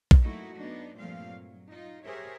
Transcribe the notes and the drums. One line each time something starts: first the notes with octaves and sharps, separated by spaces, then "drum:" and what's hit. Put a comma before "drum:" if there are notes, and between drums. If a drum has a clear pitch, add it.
drum: kick A#1
F#2 A3 A#3 D#4 E4 F#4
B3 D4 D#4
G2 A#2 F3 A3 C4 F5
F#3
D#4 F4
G4 G#4 A#4 C5 C#5 E5